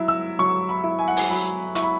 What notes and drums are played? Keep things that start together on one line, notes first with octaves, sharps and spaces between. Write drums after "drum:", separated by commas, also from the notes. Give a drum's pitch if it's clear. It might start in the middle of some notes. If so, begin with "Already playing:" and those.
Already playing: F#3 E4
E6
F#3 C#6
B5
E4
G#5
F#5
G#5, drum: open hi-hat
F#3 B5
E4 C#6, drum: hi-hat
B5